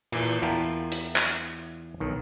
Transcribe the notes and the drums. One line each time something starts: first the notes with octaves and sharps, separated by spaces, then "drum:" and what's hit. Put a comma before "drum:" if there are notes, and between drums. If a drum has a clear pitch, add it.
A#2 E3, drum: cymbal
E2 E4 F4 A#4 G5 A5
drum: hi-hat
drum: clap
B1 D#3